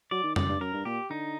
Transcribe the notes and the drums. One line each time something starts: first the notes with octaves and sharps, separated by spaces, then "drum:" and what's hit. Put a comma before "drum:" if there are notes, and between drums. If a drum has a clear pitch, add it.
F#3 D5
D#3
F#2 D5, drum: tom
G2
F#2 A#4
G2
A#2 G4
D3 D#4